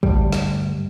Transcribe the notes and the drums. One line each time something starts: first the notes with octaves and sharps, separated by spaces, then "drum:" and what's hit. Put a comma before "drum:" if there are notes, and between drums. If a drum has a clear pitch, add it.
D2 G2 G3, drum: kick
drum: snare